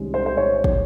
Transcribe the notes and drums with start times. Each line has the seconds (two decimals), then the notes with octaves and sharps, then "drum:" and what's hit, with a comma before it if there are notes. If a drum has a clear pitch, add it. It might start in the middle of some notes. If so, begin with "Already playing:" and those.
Already playing: C2 C3 D#3 G#3 C#4
0.14 C5
0.26 C5
0.37 C#5
0.64 drum: kick